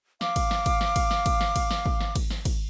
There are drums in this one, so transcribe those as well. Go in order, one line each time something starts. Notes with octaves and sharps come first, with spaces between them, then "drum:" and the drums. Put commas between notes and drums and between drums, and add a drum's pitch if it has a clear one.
F5 D6, drum: snare
drum: kick, cymbal
drum: snare
drum: kick, cymbal
drum: snare
drum: kick, cymbal
drum: snare
drum: kick, cymbal
drum: snare
drum: kick, cymbal
drum: snare
drum: kick
drum: snare
drum: kick, cymbal
drum: snare
drum: kick, cymbal